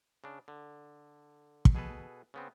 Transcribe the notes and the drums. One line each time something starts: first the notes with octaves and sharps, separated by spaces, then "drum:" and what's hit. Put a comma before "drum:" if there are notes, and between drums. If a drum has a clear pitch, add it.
C#3 D4
D3
drum: kick
B2 G#4 A4 B4
C#3 B3 C4